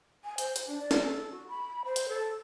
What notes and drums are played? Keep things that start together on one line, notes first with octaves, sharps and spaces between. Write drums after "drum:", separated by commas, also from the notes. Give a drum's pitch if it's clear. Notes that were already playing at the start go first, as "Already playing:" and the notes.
G#5
C5, drum: hi-hat
drum: hi-hat
D4
D5
drum: snare
A4
F#4
B5
C5
drum: hi-hat
A4